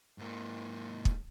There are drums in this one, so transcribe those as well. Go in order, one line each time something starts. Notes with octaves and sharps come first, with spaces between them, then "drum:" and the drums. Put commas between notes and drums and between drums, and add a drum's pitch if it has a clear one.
G#2 A#3
drum: kick